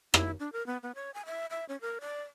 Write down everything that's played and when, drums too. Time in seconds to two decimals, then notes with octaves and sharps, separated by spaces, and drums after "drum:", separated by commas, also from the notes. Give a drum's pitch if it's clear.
0.14 E4, drum: rim click
0.40 D4
0.52 A#4
0.67 B3
0.83 B3
0.95 C#5
1.14 G#5
1.26 E5
1.51 E5
1.69 C#4
1.81 A#4
2.01 D5